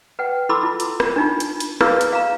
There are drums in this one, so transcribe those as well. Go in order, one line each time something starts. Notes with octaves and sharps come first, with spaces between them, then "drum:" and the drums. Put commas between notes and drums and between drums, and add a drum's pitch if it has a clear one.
B4 F#5 G5
E4 A4 B5 C6 D6 E6
E4 F4
drum: hi-hat
drum: rim click
D4 D#4 F4
drum: hi-hat
drum: hi-hat
E4 G#4 A#4 B4 C#5 F5, drum: rim click
drum: hi-hat
F5 A#5